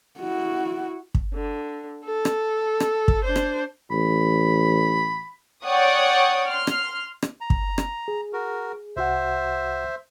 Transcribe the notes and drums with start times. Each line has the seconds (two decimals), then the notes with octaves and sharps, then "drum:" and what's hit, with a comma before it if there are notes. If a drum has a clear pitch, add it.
0.19 E4 F#4
1.15 drum: kick
1.34 D3
2.05 A4
2.25 drum: rim click
2.80 drum: rim click
3.08 drum: kick
3.24 D4 C5
3.36 drum: rim click
3.91 A1 B5
5.64 C#5 D5 F#5 G5 C#6 D#6
6.47 C6 F6
6.67 drum: rim click
7.22 drum: rim click
7.41 A#5
7.50 drum: kick
7.78 drum: rim click
8.08 G#4
8.33 F#4 A#4
8.97 C2 F#4 C5 E5 F#5